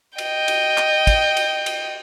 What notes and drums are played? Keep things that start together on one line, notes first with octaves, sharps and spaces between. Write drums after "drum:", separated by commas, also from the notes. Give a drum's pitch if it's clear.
D#5 G5, drum: cymbal
drum: cymbal
drum: clap
drum: kick, cymbal
drum: cymbal
drum: cymbal